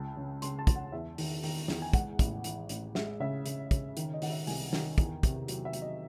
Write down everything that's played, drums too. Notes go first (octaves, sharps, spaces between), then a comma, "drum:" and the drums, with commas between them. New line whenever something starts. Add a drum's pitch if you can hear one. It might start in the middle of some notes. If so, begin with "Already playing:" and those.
Already playing: C#2 A5
C#3
C#3 C6, drum: hi-hat
A5
C#2, drum: kick, hi-hat
F#5
E2 E5
D#3, drum: open hi-hat
D#3, drum: open hi-hat
E2, drum: snare
G#5
G#3 F#5, drum: kick, hi-hat
A1, drum: kick, hi-hat
E3, drum: hi-hat
A1, drum: hi-hat
G#3 E5, drum: snare
C#3 E5
C#3, drum: hi-hat
C#3, drum: kick, hi-hat
D#3, drum: hi-hat
D#5
D#3 F#5, drum: open hi-hat
E5
C2 G#5, drum: open hi-hat
D#3, drum: snare
E2, drum: kick, hi-hat
C3, drum: kick, hi-hat
F#3, drum: hi-hat
E5
F#3, drum: hi-hat
D#5